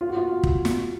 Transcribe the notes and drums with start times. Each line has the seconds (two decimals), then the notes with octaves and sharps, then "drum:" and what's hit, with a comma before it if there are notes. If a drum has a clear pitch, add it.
0.01 F4
0.09 F#4
0.17 F4
0.43 drum: kick
0.65 drum: snare